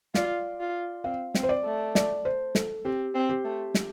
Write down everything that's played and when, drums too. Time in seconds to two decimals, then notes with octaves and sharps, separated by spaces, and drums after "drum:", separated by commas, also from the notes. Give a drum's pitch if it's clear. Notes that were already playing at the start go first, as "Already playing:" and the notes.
0.14 F4 D5, drum: snare
0.60 F4
1.04 C4 F5
1.34 C4, drum: snare
1.43 C5
1.49 D5
1.65 A3
1.95 D5, drum: snare
2.25 C5
2.55 A4, drum: snare
2.85 C4 G4
3.15 C4
3.29 G4
3.45 A3
3.74 drum: snare